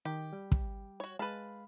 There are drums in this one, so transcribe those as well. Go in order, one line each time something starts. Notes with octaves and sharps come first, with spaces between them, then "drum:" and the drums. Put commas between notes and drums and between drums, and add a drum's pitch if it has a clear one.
D#3 G4
G3 G5
drum: kick
F#4 C#5
G#3 B4 F5 A5 B5